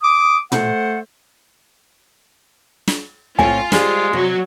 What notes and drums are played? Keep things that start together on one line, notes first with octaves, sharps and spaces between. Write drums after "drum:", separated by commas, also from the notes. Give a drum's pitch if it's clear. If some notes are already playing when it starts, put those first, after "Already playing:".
D6 D#6
A3 A4 C5 F#5, drum: tom
drum: snare
A2 C4 F4 C#5 G#5, drum: kick
G3 G#3 G#4 C5, drum: snare
C3 F#3